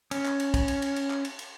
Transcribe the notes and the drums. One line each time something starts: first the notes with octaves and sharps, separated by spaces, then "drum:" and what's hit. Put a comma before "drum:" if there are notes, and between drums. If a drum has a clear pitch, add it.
C#4, drum: cymbal
drum: clap
drum: cymbal
drum: kick, cymbal
drum: cymbal
drum: cymbal
drum: cymbal
drum: clap
drum: cymbal
drum: cymbal